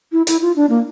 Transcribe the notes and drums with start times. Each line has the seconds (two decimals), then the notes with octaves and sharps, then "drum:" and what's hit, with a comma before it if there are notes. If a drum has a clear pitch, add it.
0.12 E4
0.27 E4, drum: hi-hat
0.42 F4
0.56 D4
0.70 A#3